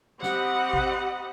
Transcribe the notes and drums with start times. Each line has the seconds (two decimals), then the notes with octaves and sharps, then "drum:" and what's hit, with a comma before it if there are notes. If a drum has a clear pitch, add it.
0.23 C4 G4 D#5 F#5 B5, drum: snare
0.73 drum: kick G#1